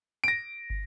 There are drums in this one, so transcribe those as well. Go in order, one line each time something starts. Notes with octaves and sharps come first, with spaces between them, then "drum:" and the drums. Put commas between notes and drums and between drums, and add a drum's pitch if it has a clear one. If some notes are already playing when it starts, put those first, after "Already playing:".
A#6 D7
drum: kick